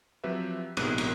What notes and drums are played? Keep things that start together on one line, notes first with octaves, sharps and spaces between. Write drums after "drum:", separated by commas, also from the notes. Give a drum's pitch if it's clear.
F3 F#3 C4 G4 B4 E5
A#1 G#2 C3 B3 F#6 D#7, drum: cymbal
drum: cymbal